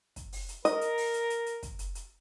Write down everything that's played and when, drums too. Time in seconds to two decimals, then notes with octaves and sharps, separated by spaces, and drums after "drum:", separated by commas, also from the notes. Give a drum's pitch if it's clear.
0.16 drum: kick, hi-hat
0.32 drum: open hi-hat
0.49 drum: hi-hat
0.65 A#4 D#5, drum: hi-hat
0.81 drum: hi-hat
0.98 drum: open hi-hat
1.14 drum: hi-hat
1.30 drum: hi-hat
1.46 drum: hi-hat
1.63 drum: kick, hi-hat
1.79 drum: hi-hat
1.95 drum: hi-hat